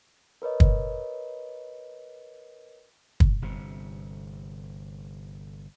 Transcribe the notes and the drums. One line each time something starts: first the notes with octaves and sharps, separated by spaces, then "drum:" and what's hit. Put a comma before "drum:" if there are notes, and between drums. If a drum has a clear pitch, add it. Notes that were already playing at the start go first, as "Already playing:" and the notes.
A#4 B4 C#5 D#5
drum: kick
drum: kick
G1 C3